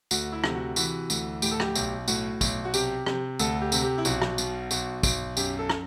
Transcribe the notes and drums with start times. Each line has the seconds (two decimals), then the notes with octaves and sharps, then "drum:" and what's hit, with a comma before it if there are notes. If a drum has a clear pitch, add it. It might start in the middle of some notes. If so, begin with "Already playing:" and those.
0.11 D2 F#4, drum: tambourine
0.32 E4
0.44 C3, drum: rim click
0.55 F#4
0.76 E3 F#4, drum: tambourine
1.10 D2, drum: tambourine
1.42 A2 G4, drum: tambourine
1.51 A4
1.60 G4, drum: rim click
1.75 B1, drum: tambourine
2.08 A2 F#4, drum: tambourine
2.41 B1, drum: kick, tambourine
2.65 F#4
2.74 C3 G4, drum: tambourine
3.06 C3, drum: rim click
3.39 D2 A4, drum: tambourine
3.62 G4
3.72 C3, drum: tambourine
3.83 G4
3.98 E4
4.05 B1 F#4, drum: tambourine
4.22 drum: rim click
4.38 B2, drum: tambourine
4.71 B1 F#4, drum: tambourine
5.03 B1, drum: kick, tambourine
5.37 F#2 G4, drum: tambourine
5.59 A4
5.70 drum: rim click